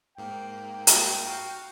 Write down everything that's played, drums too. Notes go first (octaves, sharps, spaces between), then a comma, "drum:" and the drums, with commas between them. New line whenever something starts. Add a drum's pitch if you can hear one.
G#2 A#3 G5
drum: hi-hat
F#4 F5